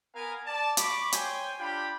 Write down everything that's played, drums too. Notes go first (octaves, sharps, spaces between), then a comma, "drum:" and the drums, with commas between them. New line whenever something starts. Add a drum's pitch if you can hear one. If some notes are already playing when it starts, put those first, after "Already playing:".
B3 A#4 F5 G#5
D5 A5
B5 C#6 D6, drum: hi-hat
C5 C#5 G5 G#5, drum: hi-hat
D4 F4 G4 G5 B5